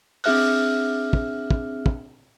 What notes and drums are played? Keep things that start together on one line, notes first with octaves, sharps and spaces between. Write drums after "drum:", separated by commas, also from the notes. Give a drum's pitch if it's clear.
C4 D4 G#4 E5 F6 F#6, drum: open hi-hat
drum: kick
drum: kick
drum: kick